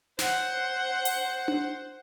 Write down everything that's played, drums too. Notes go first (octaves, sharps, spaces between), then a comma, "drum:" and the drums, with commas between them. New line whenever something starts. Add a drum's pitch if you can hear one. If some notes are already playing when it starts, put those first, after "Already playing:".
C5 F#5, drum: snare
drum: hi-hat
drum: tom D4